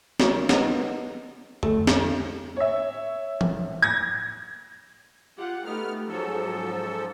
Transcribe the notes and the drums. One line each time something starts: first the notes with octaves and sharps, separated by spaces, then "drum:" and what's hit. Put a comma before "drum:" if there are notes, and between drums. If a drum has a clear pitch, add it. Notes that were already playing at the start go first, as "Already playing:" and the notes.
F#3 A#3, drum: snare
B3 D#4, drum: snare
A3, drum: tom F2
drum: snare
C#5 E5
drum: tom
G#6 A#6
F4 G4 F#5
A3 B3 D#4 G4 F6
G#2 F3 F#3 C#4 G#4 A4